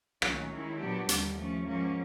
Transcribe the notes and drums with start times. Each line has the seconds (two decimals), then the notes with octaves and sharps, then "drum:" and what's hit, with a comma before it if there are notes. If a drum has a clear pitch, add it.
0.22 D#3 F#3 A3 C#4, drum: rim click
0.50 D#3 G#3 C#4 E4
0.79 A#2 F#3 B3 D4 G4
1.09 D#2 D3 G3, drum: hi-hat
1.37 F3 A3 C#4
1.66 G#2 F3 A#3 C#4